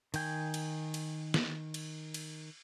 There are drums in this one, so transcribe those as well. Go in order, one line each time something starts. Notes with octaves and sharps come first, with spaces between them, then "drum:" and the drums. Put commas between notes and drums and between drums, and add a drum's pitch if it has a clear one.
D#3 G5 G#5, drum: cymbal
drum: cymbal
drum: cymbal
drum: snare
drum: cymbal
drum: cymbal